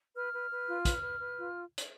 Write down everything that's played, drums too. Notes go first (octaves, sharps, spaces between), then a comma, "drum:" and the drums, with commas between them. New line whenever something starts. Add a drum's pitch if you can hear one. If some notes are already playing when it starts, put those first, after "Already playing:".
B4 F6
B4
B4
F4
B4, drum: kick, hi-hat
B4
B4
F4
drum: hi-hat